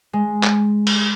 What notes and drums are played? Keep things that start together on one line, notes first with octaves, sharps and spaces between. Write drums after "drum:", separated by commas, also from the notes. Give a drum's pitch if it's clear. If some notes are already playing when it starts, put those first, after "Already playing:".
G#3
drum: clap
drum: cymbal